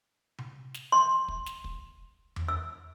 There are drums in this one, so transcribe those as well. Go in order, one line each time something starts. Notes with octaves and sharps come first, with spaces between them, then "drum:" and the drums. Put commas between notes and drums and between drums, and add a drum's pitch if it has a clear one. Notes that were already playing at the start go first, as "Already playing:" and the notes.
drum: tom C3
drum: snare
C6
drum: kick
drum: snare
drum: kick
drum: tom E2
E6